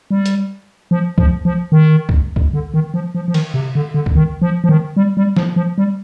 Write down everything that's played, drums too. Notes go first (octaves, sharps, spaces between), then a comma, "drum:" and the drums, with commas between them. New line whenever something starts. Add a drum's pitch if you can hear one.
G3
drum: hi-hat
F3
F3, drum: kick
F3
D#3
drum: kick
drum: kick
D3
D#3
F3
F3
F3
D#3, drum: cymbal
C3
D3
D3
drum: kick
D#3
F3
F3
D#3
G3
G3
F3, drum: snare
F3
G3